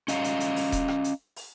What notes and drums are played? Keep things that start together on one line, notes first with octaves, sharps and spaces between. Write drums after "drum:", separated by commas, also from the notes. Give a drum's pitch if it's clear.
C#4 D#5 F5 A#5, drum: hi-hat
drum: hi-hat
drum: hi-hat
drum: open hi-hat
drum: kick D#1, hi-hat
drum: rim click
drum: hi-hat
drum: open hi-hat